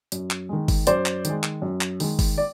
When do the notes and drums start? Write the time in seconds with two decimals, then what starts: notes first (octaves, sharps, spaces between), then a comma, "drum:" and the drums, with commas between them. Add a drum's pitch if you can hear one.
0.12 F#2, drum: hi-hat
0.31 drum: clap
0.49 D#3 G#3
0.68 drum: kick G1, open hi-hat
0.87 F#2 C5 D5, drum: hi-hat
1.06 drum: clap
1.25 D#3 G#3, drum: hi-hat
1.44 drum: clap
1.62 F#2
1.81 drum: clap
2.00 D#3 G#3, drum: open hi-hat
2.19 drum: kick G1, open hi-hat
2.38 D5